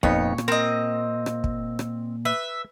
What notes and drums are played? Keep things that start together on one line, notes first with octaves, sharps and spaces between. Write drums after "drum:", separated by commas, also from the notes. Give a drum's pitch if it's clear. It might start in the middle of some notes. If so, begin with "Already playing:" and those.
F2 A#2 B3 D#4 C#5, drum: kick
drum: rim click
C4 A#4 D#5
drum: rim click
drum: kick
drum: rim click
B4 E5